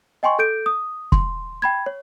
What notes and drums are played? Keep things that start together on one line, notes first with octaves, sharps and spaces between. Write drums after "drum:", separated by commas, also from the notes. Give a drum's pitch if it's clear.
D#5 G5 G#5 C6 C#6
A4 G6 D7
D#6
C6, drum: kick
G5 B5 G#6
C#5